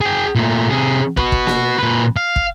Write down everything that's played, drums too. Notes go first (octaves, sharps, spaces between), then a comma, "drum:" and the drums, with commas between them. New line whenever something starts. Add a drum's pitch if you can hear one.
G#4 G5
A#2 A3
C3 G#4
F#4 B4, drum: kick
drum: kick
drum: snare A#3
A#2 B4
F5
drum: kick